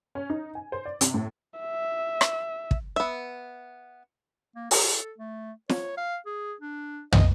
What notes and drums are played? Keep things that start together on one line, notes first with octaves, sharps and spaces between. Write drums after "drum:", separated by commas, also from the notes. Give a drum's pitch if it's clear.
C#4
D#4
G#5
C5
D5
C3, drum: hi-hat
A2
E5
drum: rim click
drum: kick
B3 E5
A#3
A4, drum: open hi-hat
A3
C#5, drum: snare
F5
G#4
D4
D#5, drum: tom